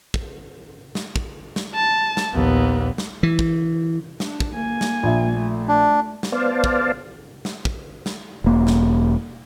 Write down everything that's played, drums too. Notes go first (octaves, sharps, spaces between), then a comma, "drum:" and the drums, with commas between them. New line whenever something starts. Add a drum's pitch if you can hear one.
drum: kick
drum: snare
drum: kick
drum: snare
A5
drum: snare
A#1 D#2 B3
drum: snare
E3
drum: kick
D4, drum: snare
drum: kick
A#3 G#5
drum: snare
A#1 E5
A3
D4
drum: snare
B3 C5 D5 F5 A5
drum: kick
drum: snare
drum: kick
drum: snare
E1 A#3
drum: snare